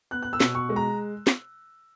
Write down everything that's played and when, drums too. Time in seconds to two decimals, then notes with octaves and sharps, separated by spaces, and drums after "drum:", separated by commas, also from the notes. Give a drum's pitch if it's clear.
0.11 B3 F#6
0.23 F#6
0.33 E6
0.40 B2, drum: snare
0.55 C#6
0.69 G#3
0.76 A#5
1.27 drum: snare